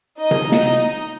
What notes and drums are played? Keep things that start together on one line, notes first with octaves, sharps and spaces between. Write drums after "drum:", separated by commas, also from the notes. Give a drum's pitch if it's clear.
D#4 D#5
drum: tom C3
drum: snare